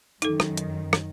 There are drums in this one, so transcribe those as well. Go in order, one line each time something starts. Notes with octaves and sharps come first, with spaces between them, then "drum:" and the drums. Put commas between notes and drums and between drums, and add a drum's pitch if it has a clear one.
F#2 D#3 D#4 A4, drum: hi-hat
drum: rim click
drum: hi-hat
drum: rim click